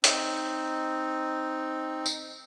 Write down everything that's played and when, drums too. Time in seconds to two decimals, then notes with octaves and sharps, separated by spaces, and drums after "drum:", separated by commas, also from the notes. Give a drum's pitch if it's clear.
0.04 C4 D#4, drum: hi-hat
2.06 drum: tambourine